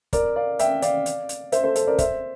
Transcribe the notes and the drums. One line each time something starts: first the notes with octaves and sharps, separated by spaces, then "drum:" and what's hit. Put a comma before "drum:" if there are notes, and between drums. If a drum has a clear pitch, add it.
A#4 D5, drum: kick, hi-hat
D5 F5
E5 G5, drum: hi-hat
D5 F5, drum: hi-hat
drum: hi-hat
drum: hi-hat
C5 E5, drum: hi-hat
A4 C5
A4 C5, drum: hi-hat
A#4 D5
C5 E5, drum: kick, hi-hat